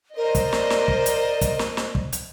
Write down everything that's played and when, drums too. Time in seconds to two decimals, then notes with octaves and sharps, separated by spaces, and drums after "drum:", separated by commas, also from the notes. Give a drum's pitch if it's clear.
0.17 A#4 C5 D5 D#5
0.35 drum: kick, hi-hat
0.53 drum: snare
0.70 drum: snare
0.88 drum: kick
1.06 drum: hi-hat
1.41 drum: kick, hi-hat
1.59 drum: snare
1.77 drum: snare
1.95 drum: kick
2.13 drum: hi-hat